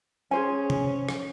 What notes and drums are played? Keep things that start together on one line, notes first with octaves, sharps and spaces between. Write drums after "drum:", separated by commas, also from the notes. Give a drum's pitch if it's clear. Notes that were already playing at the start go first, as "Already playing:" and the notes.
C#4 G#4 C5 G#5
drum: tom C3
drum: rim click